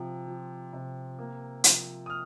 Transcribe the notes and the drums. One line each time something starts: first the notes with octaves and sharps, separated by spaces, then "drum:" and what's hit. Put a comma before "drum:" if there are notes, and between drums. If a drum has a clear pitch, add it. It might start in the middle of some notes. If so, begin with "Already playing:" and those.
Already playing: C3 F3
F3
C3
A#3
F3, drum: hi-hat
D#6
F6